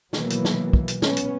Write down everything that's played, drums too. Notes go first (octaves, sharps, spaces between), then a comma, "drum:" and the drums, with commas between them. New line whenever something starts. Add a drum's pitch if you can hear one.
B2 D#3 E3 F#3 A#3 B3, drum: snare
drum: hi-hat
drum: snare
drum: kick
drum: hi-hat
B3 C#4, drum: snare
drum: hi-hat